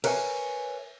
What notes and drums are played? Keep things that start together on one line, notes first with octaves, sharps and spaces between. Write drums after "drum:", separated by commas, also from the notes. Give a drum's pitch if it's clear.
A#4 B4 C#5 E5 G#5, drum: cymbal